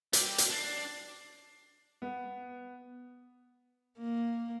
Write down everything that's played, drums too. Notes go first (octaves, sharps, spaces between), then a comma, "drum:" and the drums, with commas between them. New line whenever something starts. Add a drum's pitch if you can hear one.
G4 D5, drum: hi-hat
drum: hi-hat
D4 A6 C7
B3
A#3